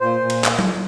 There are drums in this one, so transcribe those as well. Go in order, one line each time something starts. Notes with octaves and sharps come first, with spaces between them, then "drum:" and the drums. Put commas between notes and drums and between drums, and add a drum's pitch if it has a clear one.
A#2 C5
A#2
drum: cymbal
drum: clap
drum: tom F#3